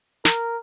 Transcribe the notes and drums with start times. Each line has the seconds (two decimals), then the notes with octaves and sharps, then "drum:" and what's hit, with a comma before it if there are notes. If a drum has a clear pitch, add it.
0.25 A#4, drum: snare